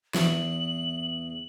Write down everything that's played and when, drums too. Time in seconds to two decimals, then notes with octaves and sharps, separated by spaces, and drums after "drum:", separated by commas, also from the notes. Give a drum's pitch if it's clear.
0.14 E2 F#7, drum: snare